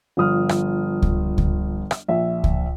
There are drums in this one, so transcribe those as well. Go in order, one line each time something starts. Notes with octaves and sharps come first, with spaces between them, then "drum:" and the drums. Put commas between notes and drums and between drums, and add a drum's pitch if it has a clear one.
G1 F3 D#6 F6
drum: rim click
drum: kick C#2
drum: kick C#2
drum: rim click
A#1 E5
drum: kick C#2